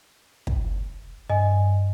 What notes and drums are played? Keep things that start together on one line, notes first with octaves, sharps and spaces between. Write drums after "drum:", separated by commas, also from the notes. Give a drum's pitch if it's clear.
drum: kick
G2 D#5 G#5